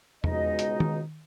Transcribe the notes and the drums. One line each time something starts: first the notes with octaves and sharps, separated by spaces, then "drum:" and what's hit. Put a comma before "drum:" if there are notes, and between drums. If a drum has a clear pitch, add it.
C#2 B2 G#3 D#4 F#4 D#5, drum: tom E2
drum: hi-hat
drum: tom D#3